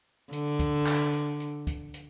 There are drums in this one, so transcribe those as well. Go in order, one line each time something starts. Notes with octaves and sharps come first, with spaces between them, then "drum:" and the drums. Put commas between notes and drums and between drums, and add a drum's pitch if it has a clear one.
D3, drum: hi-hat
drum: kick, hi-hat
drum: clap
drum: hi-hat
drum: hi-hat
drum: kick, hi-hat
drum: hi-hat